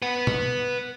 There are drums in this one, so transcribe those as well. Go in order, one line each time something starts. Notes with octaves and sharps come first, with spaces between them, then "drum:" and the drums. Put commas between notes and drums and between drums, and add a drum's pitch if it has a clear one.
B4 F#5
drum: tom